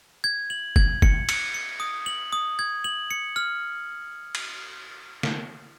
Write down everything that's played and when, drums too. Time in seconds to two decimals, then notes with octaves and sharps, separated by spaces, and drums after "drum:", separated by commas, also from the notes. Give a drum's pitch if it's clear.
0.24 G#6
0.50 F#7
0.76 G#6, drum: kick
1.02 C#7, drum: kick
1.29 C#7, drum: cymbal
1.54 C#7
1.80 D#6
2.06 F#7
2.33 D#6
2.59 G#6
2.84 F#7
3.11 C#7
3.36 F6
4.35 drum: cymbal
5.23 drum: snare